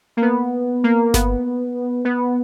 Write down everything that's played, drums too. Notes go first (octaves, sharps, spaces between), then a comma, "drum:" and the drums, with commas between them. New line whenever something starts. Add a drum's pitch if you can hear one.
A#3
B3
A#3
B3, drum: snare G1
B3